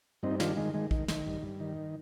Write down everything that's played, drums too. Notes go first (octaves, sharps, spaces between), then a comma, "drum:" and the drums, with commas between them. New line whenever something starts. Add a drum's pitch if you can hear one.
G2 C4 D#4
D#3 D4 F4, drum: snare
D#3 G#3
D#3 G#3
D#3, drum: kick
D#3, drum: snare
G2
G2
D#3